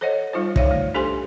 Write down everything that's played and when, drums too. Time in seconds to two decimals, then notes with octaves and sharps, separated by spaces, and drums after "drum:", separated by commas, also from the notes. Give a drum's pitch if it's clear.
0.01 A4 C5 C#5 D#5 F#5
0.33 G3 D#4 F4 C5
0.56 C#5 D5 E5 F5, drum: kick
0.71 A3 C#5
0.94 D4 G4 A4 C5 G#5 C6